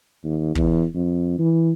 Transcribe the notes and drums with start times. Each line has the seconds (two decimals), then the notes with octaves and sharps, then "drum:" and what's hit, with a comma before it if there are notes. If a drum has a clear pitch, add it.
0.24 D#2
0.55 E2, drum: kick
0.95 F2
1.39 E3